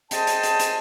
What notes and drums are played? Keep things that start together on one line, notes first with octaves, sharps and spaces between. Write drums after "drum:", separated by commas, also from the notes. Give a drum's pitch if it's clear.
G#4 C5 D#5 G5 A5, drum: hi-hat
drum: hi-hat
drum: hi-hat
drum: hi-hat